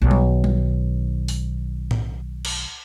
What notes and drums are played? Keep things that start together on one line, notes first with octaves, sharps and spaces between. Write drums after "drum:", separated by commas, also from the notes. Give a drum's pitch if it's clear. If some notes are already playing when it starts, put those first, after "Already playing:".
B1 D#3
drum: tom G3
drum: tom G3
drum: open hi-hat
drum: tom A2
drum: cymbal